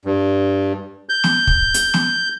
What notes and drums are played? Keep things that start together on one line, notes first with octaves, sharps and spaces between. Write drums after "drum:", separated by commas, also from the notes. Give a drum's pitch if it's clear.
G2
G6
drum: snare
drum: kick
drum: hi-hat
drum: snare